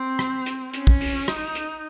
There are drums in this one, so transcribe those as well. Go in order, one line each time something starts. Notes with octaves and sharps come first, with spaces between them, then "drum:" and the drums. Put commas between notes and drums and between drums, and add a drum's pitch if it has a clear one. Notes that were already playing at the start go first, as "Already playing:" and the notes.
Already playing: C4
drum: rim click
drum: hi-hat
C#4, drum: hi-hat
drum: kick
drum: open hi-hat
D#4, drum: rim click
drum: hi-hat